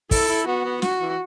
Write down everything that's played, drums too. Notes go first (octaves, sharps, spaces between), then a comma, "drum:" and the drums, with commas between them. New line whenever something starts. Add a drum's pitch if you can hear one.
E4 A4, drum: kick, open hi-hat
E4
B3 F#4
B3
F#4, drum: snare
E3